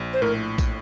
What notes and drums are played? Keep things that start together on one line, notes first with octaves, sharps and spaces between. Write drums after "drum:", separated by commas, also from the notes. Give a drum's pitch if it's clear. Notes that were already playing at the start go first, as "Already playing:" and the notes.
Already playing: A#1
C5
A2 A#4
drum: kick, tambourine